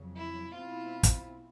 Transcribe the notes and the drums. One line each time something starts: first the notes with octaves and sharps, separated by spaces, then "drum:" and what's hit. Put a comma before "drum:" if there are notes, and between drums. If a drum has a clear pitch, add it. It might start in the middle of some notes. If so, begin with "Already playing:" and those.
Already playing: F2 C#3 F#3
E4
B2 G#3 C4 E4 F4
drum: kick, hi-hat